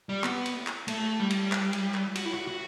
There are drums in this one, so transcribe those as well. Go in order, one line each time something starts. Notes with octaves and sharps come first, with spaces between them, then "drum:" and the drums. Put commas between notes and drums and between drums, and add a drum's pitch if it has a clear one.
G3
B3, drum: clap
drum: cymbal
drum: clap
A3, drum: cymbal
G3
drum: cymbal
drum: clap
drum: cymbal
drum: clap
F#4, drum: cymbal
E4
F#4
F#4